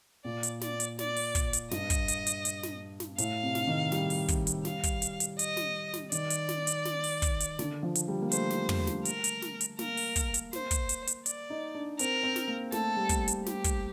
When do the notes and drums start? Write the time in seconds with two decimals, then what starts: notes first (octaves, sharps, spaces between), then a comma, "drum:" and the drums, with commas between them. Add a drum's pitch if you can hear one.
0.24 A#2 D5
0.43 drum: hi-hat
0.61 D5, drum: snare
0.80 drum: hi-hat
0.99 D5, drum: snare
1.16 drum: open hi-hat
1.35 drum: kick, hi-hat
1.53 drum: hi-hat
1.71 G2 D#5, drum: snare
1.90 drum: kick, hi-hat
2.08 drum: hi-hat
2.27 drum: hi-hat
2.45 drum: hi-hat
2.63 drum: snare
3.00 drum: snare
3.18 A2 F5, drum: hi-hat
3.43 C3
3.55 drum: snare
3.67 D#3
3.92 G3, drum: snare
4.10 drum: open hi-hat
4.28 drum: kick, hi-hat
4.47 drum: hi-hat
4.65 F5, drum: snare
4.83 drum: kick, hi-hat
5.02 drum: hi-hat
5.20 drum: hi-hat
5.39 D#5, drum: hi-hat
5.57 drum: snare
5.94 drum: snare
6.12 D#3 D5, drum: hi-hat
6.30 drum: hi-hat
6.49 drum: snare
6.67 drum: hi-hat
6.85 drum: snare
7.04 drum: open hi-hat
7.22 drum: kick, hi-hat
7.40 drum: hi-hat
7.59 D3, drum: snare
7.83 F3
7.95 drum: hi-hat
8.08 G3
8.21 A#3
8.32 A3 C5, drum: hi-hat
8.50 drum: snare
8.69 drum: tom
8.87 drum: snare
9.05 A#4, drum: hi-hat
9.24 drum: hi-hat
9.42 drum: snare
9.61 drum: hi-hat
9.79 A#3 A#4, drum: snare
9.97 drum: open hi-hat
10.16 drum: kick, hi-hat
10.34 drum: hi-hat
10.53 C5, drum: snare
10.71 drum: kick, hi-hat
10.89 drum: hi-hat
11.07 drum: hi-hat
11.26 D5, drum: hi-hat
11.50 D#4
11.75 D4
11.99 C4 A#4, drum: hi-hat
12.24 C4
12.36 drum: snare
12.48 A#3
12.72 A3 A4, drum: snare
12.97 G3
13.09 drum: kick, hi-hat
13.28 drum: hi-hat
13.46 G4, drum: snare
13.64 drum: kick, hi-hat